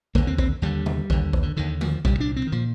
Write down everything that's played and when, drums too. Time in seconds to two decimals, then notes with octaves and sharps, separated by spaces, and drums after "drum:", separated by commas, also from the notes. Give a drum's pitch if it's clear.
0.15 D#2 D3 A#3, drum: kick A#1
0.27 C4
0.38 C4, drum: kick A#1
0.62 D#2 D3 G3
0.86 drum: tom
1.10 D#2 D3, drum: kick A#1
1.33 drum: kick A#1
1.43 D3
1.56 D#2 D3 D#3
1.81 F3, drum: tom D3
2.05 C2 A#2 G3, drum: kick A#1
2.20 D4
2.36 C4
2.47 D#3
2.52 A#2 F3